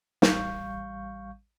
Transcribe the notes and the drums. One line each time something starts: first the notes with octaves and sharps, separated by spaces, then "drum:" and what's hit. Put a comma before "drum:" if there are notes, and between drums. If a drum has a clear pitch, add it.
A1 G3 F5 C#6 G6, drum: snare